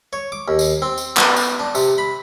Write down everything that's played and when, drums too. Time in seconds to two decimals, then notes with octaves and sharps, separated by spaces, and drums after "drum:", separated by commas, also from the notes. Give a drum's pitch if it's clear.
0.13 C#5
0.32 D6
0.48 D#2
0.59 drum: tambourine
0.82 C4
0.98 drum: tambourine
1.17 B3, drum: clap
1.36 drum: tambourine
1.59 D4
1.75 C3, drum: tambourine
1.98 B5